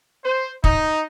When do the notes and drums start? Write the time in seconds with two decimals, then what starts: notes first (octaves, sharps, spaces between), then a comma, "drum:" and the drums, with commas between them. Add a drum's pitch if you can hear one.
0.24 C5
0.64 D#4, drum: kick